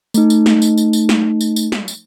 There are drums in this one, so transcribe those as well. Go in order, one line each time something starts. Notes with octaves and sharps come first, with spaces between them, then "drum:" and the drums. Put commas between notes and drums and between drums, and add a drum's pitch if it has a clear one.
A3 D#4, drum: tambourine
drum: tambourine
drum: snare
drum: tambourine
drum: tambourine
drum: tambourine
drum: snare
drum: tambourine
drum: tambourine
drum: snare
drum: tambourine